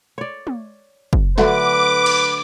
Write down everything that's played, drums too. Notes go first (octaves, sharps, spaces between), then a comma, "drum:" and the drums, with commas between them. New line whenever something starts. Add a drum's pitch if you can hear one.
C#5 D5
drum: tom
drum: kick
D3 F#3 A3 B4 D6, drum: snare
drum: cymbal